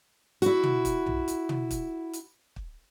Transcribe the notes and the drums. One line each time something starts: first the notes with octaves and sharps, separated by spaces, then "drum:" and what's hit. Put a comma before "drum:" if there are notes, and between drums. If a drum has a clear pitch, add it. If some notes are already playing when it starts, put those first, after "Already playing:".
E4 F#4, drum: hi-hat
drum: tom
drum: kick, hi-hat
drum: tom B1
drum: hi-hat
drum: tom
drum: kick, hi-hat
drum: hi-hat
drum: kick